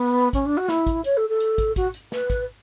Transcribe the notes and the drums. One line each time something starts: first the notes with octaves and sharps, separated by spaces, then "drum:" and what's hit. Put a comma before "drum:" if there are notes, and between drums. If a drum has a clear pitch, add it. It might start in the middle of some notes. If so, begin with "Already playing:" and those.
Already playing: B3
C#4, drum: kick, hi-hat
D4
F#4
E4, drum: snare
drum: kick, hi-hat
C#5, drum: hi-hat
A4
A4
drum: hi-hat
drum: kick, hi-hat
F#4, drum: kick, hi-hat
drum: hi-hat
B4, drum: snare
drum: kick, hi-hat